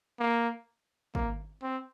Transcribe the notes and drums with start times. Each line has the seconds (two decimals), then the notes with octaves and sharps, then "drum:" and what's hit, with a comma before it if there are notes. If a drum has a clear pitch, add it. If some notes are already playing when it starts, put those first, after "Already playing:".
0.20 A#3
1.15 A#3, drum: kick
1.63 C4